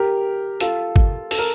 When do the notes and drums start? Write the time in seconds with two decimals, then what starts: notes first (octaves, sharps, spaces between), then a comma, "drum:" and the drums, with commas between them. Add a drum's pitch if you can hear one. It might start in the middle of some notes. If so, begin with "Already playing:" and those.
Already playing: G4 A#4
0.60 F4 A4, drum: hi-hat
0.96 drum: kick
1.31 A4, drum: open hi-hat
1.38 A#4